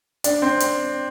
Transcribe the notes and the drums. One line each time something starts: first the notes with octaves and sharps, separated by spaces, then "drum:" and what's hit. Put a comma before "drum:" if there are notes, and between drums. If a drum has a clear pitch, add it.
D4, drum: hi-hat
C4
drum: hi-hat